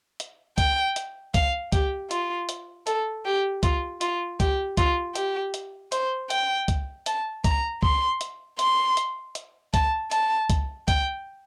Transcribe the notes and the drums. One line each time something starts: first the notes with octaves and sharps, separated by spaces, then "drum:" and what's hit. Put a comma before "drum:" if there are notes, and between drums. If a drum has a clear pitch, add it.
drum: hi-hat
G5, drum: kick, hi-hat
drum: hi-hat
F5, drum: kick, hi-hat
G4, drum: kick, hi-hat
F4, drum: hi-hat
drum: hi-hat
A4, drum: hi-hat
G4
F4, drum: kick, hi-hat
F4, drum: hi-hat
G4, drum: kick, hi-hat
F4, drum: kick, hi-hat
G4, drum: hi-hat
drum: hi-hat
C5, drum: hi-hat
G5, drum: hi-hat
drum: kick, hi-hat
A5, drum: hi-hat
A#5, drum: kick, hi-hat
C6, drum: kick
drum: hi-hat
C6, drum: hi-hat
drum: hi-hat
drum: hi-hat
A5, drum: kick, hi-hat
A5, drum: hi-hat
drum: kick, hi-hat
G5, drum: kick, hi-hat